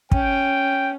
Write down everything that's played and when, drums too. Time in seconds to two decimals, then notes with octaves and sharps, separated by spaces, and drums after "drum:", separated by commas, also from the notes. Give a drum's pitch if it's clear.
0.12 C#4 G5, drum: kick